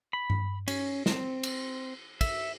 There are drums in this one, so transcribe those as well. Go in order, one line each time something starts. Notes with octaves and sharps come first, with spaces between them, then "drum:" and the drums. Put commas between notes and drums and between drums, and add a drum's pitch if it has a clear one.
B5
drum: tom G2
C#4, drum: cymbal
C4, drum: snare
drum: cymbal
E5, drum: kick, cymbal